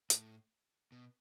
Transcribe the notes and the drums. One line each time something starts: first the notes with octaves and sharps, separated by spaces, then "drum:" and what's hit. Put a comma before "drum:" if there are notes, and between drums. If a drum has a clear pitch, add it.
A2, drum: hi-hat
B2